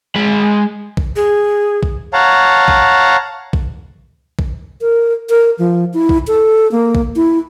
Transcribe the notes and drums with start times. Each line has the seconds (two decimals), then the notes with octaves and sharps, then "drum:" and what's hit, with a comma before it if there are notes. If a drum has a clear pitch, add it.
0.16 G#3 B5
0.97 drum: kick A#1
1.16 G#4
1.83 drum: kick A#1
2.13 C#5 F5 F#5 A5 A#5
2.68 drum: kick A#1
3.53 drum: kick A#1
4.39 drum: kick A#1
4.81 A#4
5.29 A#4
5.59 F3
5.94 E4
6.09 drum: kick A#1
6.27 A4
6.72 A#3
6.95 drum: kick A#1
7.16 E4